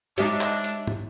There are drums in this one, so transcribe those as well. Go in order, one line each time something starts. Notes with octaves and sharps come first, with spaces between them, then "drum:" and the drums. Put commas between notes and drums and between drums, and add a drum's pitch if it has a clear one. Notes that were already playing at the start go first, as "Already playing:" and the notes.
G#3 D4 D#4 G4 C#5 E5 D6, drum: hi-hat
drum: clap
drum: hi-hat
drum: tom